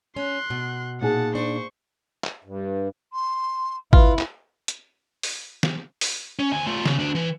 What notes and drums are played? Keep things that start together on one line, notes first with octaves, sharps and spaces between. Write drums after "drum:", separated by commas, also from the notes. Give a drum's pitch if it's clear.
C#4 C6 F#6
B2
A#2 D#4 G#4 F#5 A5
D4 C5 C#6
drum: clap
G2
C6
E4 F4 B4, drum: kick G#1
drum: clap
drum: hi-hat
drum: open hi-hat
drum: snare
drum: open hi-hat
C#4
D2 G#5
A3 F4
C#3, drum: snare
D2 D4
E3